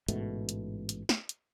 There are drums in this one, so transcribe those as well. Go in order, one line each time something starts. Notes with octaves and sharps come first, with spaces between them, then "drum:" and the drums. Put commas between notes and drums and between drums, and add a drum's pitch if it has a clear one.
A1 G#2 B2 A3, drum: hi-hat
drum: hi-hat
drum: hi-hat
drum: snare
drum: hi-hat